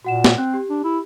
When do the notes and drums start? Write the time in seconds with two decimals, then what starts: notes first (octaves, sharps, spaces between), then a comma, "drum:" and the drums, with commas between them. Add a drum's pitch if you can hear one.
0.04 A#2 F#4 F#5 E7
0.24 drum: snare
0.38 C4 F#6
0.54 G4
0.70 D4
0.84 E4